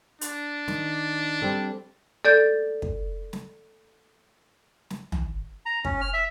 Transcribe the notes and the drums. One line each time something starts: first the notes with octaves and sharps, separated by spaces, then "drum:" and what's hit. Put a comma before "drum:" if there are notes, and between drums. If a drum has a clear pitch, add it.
D4, drum: hi-hat
D#3, drum: snare
G3 C4 A4
A4 D5 G6 A6
drum: kick
drum: snare
drum: snare
drum: tom
A#5
C#4, drum: kick
F6
E5